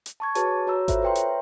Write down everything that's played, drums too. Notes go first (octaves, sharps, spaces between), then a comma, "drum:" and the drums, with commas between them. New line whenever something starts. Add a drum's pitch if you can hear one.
drum: hi-hat
A5 C#6 G#6
F#4 G#4 B4 C#5 A5, drum: hi-hat
F#4 C#5 A#5 E6
F4 A4 C5 E5, drum: kick G#1, hi-hat
B4 C#5 E5 G5 A#5 C6
drum: hi-hat